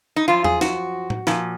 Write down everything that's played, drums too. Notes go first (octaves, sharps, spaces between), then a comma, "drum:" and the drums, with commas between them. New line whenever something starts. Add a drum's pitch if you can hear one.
D#4
F#2 F3 F4
G#4, drum: tom E2
F#4, drum: snare
drum: tom A2
A#2 F3, drum: snare